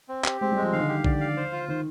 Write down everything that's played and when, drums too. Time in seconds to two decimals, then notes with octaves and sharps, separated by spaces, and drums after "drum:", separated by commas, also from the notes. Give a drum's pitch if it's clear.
0.09 C4
0.25 G4, drum: clap
0.41 G#3 C4
0.52 G3
0.56 G#3
0.62 F3
0.73 D#3 F5
0.80 D3
0.87 D#3 G4
1.04 D3 D5, drum: kick
1.21 F5
1.37 C5
1.52 F4
1.68 D#3 C5